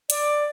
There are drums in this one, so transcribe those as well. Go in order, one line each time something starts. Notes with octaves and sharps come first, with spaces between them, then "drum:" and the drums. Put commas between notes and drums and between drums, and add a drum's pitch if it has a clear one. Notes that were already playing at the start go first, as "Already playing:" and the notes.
D5, drum: hi-hat